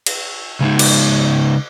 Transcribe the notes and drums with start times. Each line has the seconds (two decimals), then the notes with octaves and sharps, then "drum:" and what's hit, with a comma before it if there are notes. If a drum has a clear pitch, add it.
0.06 drum: cymbal
0.61 C#3 G#3 D#4
0.79 drum: cymbal